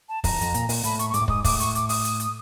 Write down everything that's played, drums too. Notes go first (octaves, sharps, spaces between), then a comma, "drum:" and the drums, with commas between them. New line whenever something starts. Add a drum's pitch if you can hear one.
A5
F2 A#5, drum: kick, open hi-hat
E2
F2, drum: hi-hat
A#2, drum: hi-hat
A#2, drum: open hi-hat
A2 B5, drum: hi-hat
C#6, drum: hi-hat
C#6
G#2 D6, drum: hi-hat
A2
G#2 D#6, drum: kick
A2 D6, drum: kick, open hi-hat
C#6, drum: hi-hat
D6, drum: hi-hat
D#6, drum: open hi-hat
drum: hi-hat
drum: hi-hat